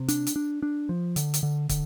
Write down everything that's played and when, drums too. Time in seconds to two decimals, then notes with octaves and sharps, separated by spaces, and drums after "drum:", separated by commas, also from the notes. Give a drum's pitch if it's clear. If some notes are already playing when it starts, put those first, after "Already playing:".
Already playing: C3
0.08 D4, drum: hi-hat
0.27 drum: hi-hat
0.36 D4
0.62 D4
0.89 F3
1.16 D3, drum: hi-hat
1.34 drum: hi-hat
1.43 D3
1.69 D3, drum: kick, hi-hat